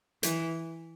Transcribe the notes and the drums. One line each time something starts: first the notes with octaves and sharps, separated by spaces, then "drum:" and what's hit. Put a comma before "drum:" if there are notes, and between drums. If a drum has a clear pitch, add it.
E3, drum: hi-hat